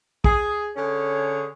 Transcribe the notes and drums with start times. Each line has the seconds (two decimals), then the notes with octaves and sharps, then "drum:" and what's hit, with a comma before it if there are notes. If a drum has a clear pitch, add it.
0.24 G#4, drum: kick
0.77 D3 C#4 G#4 C#5